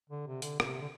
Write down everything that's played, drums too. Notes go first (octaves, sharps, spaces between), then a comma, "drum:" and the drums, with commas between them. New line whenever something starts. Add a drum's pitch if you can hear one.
D3
C3
D3, drum: hi-hat
A#2, drum: rim click
C3
D3